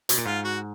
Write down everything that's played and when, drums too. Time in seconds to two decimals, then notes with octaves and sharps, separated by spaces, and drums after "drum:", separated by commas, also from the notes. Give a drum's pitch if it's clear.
0.09 B2, drum: hi-hat
0.18 A#2
0.26 G#2 F4
0.45 F#4